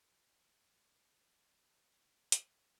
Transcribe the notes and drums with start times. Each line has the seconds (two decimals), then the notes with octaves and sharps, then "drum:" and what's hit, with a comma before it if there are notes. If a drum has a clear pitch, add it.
0.25 A3 C5
2.32 drum: hi-hat